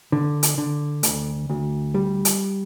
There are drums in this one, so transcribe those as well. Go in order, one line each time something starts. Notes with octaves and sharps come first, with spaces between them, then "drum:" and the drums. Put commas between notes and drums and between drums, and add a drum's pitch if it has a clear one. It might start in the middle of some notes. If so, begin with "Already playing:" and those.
D3
drum: hi-hat
D3
D2, drum: hi-hat
D2
G3
drum: hi-hat